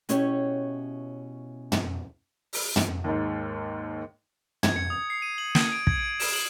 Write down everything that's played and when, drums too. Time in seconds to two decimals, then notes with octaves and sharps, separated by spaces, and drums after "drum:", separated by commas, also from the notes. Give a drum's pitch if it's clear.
0.09 B2 C#4 E4 G4 C#5, drum: hi-hat
1.72 drum: tom
2.53 drum: open hi-hat
2.76 drum: tom
3.04 D#2 G#2
4.63 G#6, drum: tom
4.76 C#7
4.90 D#6
5.10 C7
5.22 D#7
5.38 F#7
5.55 G#6, drum: snare
5.72 D7
5.87 G#6, drum: kick
5.99 D7
6.20 E7, drum: open hi-hat
6.34 F#7